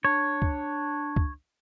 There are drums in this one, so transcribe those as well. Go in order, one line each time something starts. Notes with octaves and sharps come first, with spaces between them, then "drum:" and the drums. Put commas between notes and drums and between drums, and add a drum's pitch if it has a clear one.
D4 C#5
drum: kick C#2
drum: kick C#2